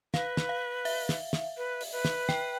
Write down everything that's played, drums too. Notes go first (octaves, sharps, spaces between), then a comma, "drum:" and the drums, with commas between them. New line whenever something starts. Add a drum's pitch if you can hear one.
B4 F5, drum: snare
drum: snare
F5
E5, drum: open hi-hat
drum: snare
drum: snare
B4
drum: open hi-hat
B4
drum: snare
G5, drum: snare